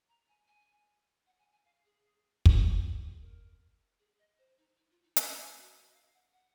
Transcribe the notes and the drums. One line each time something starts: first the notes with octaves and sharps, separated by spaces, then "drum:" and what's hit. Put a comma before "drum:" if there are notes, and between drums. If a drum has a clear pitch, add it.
A#5
G#5
G#5
F#5
G#5
G#5
F5
G#4
drum: kick
F#4
A#4
G#4
G#4
A#4
G#4
D#5
C5
D#4
D#4
F4
D#4
F4, drum: hi-hat
F#4
D#5
F5
F#5
F#5